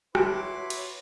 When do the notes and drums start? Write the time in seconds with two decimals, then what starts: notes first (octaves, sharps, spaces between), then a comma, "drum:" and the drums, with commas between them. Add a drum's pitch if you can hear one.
0.15 E4 F#4 B4 C#5 A5 C6 D6 D7, drum: rim click
0.70 drum: cymbal